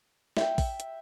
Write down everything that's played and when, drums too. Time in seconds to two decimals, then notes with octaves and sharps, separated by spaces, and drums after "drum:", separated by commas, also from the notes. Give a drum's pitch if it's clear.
0.37 E5 G5, drum: snare
0.58 drum: kick, open hi-hat
0.80 drum: hi-hat